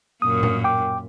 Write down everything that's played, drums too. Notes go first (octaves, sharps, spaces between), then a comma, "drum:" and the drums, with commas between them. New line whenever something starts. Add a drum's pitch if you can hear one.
F#2 A#2 D#6
drum: tom A2
G5 D6